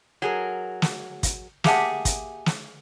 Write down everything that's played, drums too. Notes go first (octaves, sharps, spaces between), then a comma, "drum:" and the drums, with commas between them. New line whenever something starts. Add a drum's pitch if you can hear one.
F#3 G#4 A#4
drum: snare
drum: kick, hi-hat
A#3 G4 G#4 E5 F#5 A5, drum: snare
drum: kick, hi-hat
drum: snare